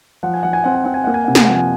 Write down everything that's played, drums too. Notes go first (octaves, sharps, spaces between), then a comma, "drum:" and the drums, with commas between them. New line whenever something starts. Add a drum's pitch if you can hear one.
F3 F#5
G#5
F3 F#5
G#5
C4 F#5
G#5
C4 F#5
G#5
A#3 F#5
G#5
C3 F#5
G#5, drum: snare
F3 F#5
G#5